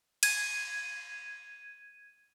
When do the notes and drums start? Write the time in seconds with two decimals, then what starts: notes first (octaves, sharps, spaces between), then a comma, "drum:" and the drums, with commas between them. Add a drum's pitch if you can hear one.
0.23 G#6 D#7, drum: cymbal